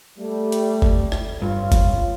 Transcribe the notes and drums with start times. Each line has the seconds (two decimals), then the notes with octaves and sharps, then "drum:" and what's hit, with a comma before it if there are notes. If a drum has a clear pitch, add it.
0.19 G3 A3
0.52 drum: hi-hat
0.82 drum: kick F#1
1.12 drum: rim click
1.42 G2 F4 C#5
1.72 drum: kick F#1, hi-hat